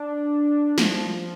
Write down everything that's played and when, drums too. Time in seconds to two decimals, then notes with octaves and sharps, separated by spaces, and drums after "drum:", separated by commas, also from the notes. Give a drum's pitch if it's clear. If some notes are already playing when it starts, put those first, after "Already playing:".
Already playing: D4
0.78 F3, drum: snare